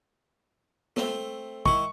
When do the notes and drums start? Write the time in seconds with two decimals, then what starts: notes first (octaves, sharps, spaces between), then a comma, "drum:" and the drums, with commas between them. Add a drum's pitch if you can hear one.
0.96 A3 C4, drum: snare
1.66 D#3 E4 C#6, drum: kick